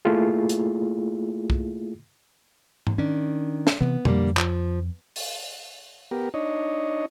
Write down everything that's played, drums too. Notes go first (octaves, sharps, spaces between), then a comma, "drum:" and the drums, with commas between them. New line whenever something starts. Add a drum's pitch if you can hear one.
A3 A#3 E4 F4 G#4
drum: hi-hat
drum: kick
drum: tom G#2
D#3 C#4 D4
drum: snare
C3 E3 B3
F2 D3 G3 A#3, drum: tom B2
F3, drum: clap
drum: open hi-hat
B3 G4 A#4
D4 D#4 C#5 D#5